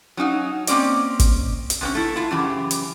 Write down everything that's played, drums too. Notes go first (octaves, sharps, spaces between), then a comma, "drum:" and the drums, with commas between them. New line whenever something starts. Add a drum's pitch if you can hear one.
F#3 C#4 D#4 F5
A#3 C4 C#4 D5 D#5, drum: hi-hat
drum: kick, hi-hat
drum: hi-hat
C3 B3 C#4
A3 E4
E4 F4
F#2 C#3 E3 G4
drum: hi-hat